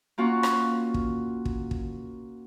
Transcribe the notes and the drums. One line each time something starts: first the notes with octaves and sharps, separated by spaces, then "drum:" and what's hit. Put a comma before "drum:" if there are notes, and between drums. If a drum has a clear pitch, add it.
A#3 C#4 F4 F#4
drum: rim click
drum: kick
drum: kick
drum: kick